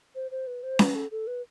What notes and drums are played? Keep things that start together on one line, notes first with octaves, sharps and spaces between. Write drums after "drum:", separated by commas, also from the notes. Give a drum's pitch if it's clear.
C5
C5
B4
C5
B4, drum: snare C#4
A4
A4
B4